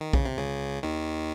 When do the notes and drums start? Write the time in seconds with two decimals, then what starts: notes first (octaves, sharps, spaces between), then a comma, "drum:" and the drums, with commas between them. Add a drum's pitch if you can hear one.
0.01 D#3
0.13 C#3, drum: kick
0.25 C3
0.37 C#2 C#3
0.83 D#2 D#3